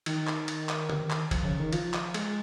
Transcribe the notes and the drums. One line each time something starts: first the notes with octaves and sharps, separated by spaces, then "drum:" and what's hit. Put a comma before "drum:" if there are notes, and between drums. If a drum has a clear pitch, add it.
D#3, drum: cymbal
drum: clap
drum: cymbal
drum: clap
drum: tom
drum: clap
F3, drum: kick F#1, cymbal
C#3
D#3
F3, drum: cymbal
drum: clap
G#3, drum: cymbal